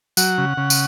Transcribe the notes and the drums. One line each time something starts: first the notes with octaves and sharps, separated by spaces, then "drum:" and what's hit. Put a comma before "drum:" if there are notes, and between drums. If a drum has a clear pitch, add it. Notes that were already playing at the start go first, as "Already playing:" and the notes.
F#3 F#5, drum: tambourine
C#3
C#3
drum: tambourine